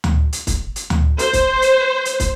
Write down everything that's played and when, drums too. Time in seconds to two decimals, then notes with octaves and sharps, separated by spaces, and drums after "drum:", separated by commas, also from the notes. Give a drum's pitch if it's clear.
0.04 drum: tom D2
0.33 drum: hi-hat
0.47 drum: kick, hi-hat
0.76 drum: hi-hat
0.90 drum: tom D2
1.19 C5, drum: hi-hat
1.33 drum: kick, hi-hat
1.62 drum: hi-hat
2.05 drum: hi-hat
2.20 drum: kick, hi-hat